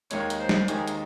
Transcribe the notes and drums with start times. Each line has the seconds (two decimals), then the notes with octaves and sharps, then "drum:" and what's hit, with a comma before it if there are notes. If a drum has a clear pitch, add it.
0.11 D#2 D#3 G#3 C#5, drum: hi-hat
0.30 drum: hi-hat
0.40 C5
0.49 drum: snare
0.68 D#2 D#3 G#3 G#4, drum: hi-hat
0.88 drum: hi-hat